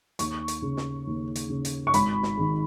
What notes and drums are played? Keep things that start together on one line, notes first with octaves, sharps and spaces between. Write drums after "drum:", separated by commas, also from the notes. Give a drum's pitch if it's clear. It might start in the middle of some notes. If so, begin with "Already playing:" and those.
D#2 C#6, drum: hi-hat
drum: hi-hat
C#3
drum: snare
D#2
drum: hi-hat
C#3
drum: hi-hat
C#6
G#1 B5, drum: hi-hat
drum: snare
G#2 D#3